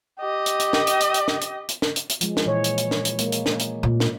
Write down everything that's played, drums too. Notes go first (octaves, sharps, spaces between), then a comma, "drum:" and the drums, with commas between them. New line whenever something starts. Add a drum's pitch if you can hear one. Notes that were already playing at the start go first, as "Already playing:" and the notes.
G4 D#5
drum: hi-hat
drum: hi-hat
drum: snare
drum: hi-hat
drum: hi-hat
drum: hi-hat
drum: snare
drum: hi-hat
drum: hi-hat
drum: snare
drum: hi-hat
drum: hi-hat
F3 G#3, drum: hi-hat
drum: snare
A#2 E3 C#5
drum: hi-hat
drum: hi-hat
drum: snare
drum: hi-hat
G#3 A#3, drum: hi-hat
drum: hi-hat
drum: snare
drum: hi-hat
A#2
drum: snare